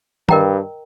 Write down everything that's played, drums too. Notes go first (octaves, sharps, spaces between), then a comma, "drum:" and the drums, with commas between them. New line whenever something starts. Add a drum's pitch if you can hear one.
G2 A#4 D#5 G5 A#5, drum: tom D#3